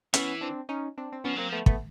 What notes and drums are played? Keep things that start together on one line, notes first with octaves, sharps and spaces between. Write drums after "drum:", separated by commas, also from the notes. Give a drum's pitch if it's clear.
E3 B3 C#4, drum: hi-hat
C4 D4
C#4 D#4
C4 D4
C4
F3 B3 C#4
F#3 A#3 C4
F3 A3 B3
A3 B3, drum: kick